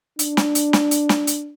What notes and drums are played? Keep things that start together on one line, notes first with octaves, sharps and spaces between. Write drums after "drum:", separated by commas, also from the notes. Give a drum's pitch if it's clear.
D4, drum: hi-hat
drum: snare
drum: hi-hat
drum: snare
drum: hi-hat
drum: snare
drum: hi-hat